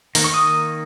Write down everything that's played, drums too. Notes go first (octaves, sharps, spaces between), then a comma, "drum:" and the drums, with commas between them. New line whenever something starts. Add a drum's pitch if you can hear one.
D#3 A#3, drum: open hi-hat
C#6
D#6